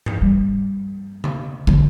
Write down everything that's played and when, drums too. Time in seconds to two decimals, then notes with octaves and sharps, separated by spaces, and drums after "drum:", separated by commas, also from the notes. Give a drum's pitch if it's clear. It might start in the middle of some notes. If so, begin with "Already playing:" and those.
0.06 drum: tom G2
0.21 G3
1.24 drum: tom C#3
1.67 D3, drum: kick